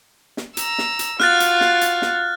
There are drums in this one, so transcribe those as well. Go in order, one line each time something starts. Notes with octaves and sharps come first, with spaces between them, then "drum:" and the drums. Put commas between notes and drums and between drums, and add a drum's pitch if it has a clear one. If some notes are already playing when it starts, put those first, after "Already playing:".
drum: snare
A#5 E6, drum: hi-hat
drum: snare
drum: hi-hat
F4 F#4 F6 F#6 A6, drum: snare
drum: hi-hat
drum: snare
drum: hi-hat
drum: snare